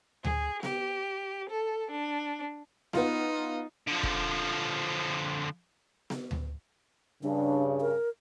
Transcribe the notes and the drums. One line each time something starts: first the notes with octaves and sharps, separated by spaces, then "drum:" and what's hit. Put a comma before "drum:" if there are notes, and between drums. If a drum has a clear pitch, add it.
G#4, drum: tom D2
G4, drum: snare B3
A4
D4
B3 D#4 F4, drum: snare B3
D3 F3
drum: kick E1
drum: snare B3
drum: tom D2
G2 C#3 D4
A#4